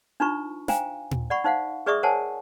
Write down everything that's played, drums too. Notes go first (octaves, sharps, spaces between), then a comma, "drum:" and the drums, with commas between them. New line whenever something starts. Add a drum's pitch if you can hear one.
D4 D#4 F4 B4 A#5 C#6
C5 F5 G5 G#5 A#5, drum: snare
drum: tom A#2
D5 F#5 B5 C#6
D#4 C5 F5 F#5
G#4 B4 D5 E5 C#6 D#6
A#4 C5 C#5 F#5 G#5 A5